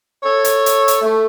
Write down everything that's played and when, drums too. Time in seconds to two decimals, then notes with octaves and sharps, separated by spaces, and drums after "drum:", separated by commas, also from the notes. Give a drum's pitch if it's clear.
0.23 A4 C#5
0.45 drum: hi-hat
0.66 drum: hi-hat
0.88 drum: hi-hat
1.02 A3